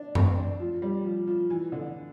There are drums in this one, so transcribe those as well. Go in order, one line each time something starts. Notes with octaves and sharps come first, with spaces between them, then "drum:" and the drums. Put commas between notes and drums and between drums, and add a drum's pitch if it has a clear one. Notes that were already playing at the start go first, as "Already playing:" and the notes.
Already playing: D4
C4, drum: tom F#2
D4
F3
G3
F3
F3
E3
D3